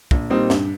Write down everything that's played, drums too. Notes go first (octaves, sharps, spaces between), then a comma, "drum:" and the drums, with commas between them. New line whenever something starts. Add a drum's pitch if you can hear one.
A#1, drum: kick
A#2 G3 C4 D#4
G2, drum: snare